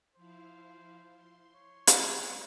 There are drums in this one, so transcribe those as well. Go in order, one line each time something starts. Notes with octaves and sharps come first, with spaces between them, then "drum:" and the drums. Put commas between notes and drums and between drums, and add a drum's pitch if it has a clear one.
F3 E4 C5 F5
C6
C#5
drum: hi-hat
E6